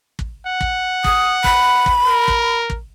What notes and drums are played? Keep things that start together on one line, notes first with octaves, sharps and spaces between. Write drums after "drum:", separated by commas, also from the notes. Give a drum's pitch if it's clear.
drum: kick
F#5
drum: kick
D#6, drum: kick
B5, drum: kick
drum: kick
A#4
drum: kick
drum: kick